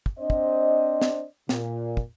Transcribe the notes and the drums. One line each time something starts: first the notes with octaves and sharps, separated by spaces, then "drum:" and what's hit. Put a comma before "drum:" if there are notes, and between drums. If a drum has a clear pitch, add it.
drum: kick
C4 D4 C5 D5 D#5
drum: kick
drum: snare
A#2, drum: snare
drum: kick